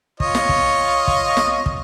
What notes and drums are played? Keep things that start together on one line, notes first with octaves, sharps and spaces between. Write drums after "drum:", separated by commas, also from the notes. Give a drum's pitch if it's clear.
F4 C#5 D#5, drum: kick
drum: snare
drum: kick
drum: kick
drum: snare
drum: kick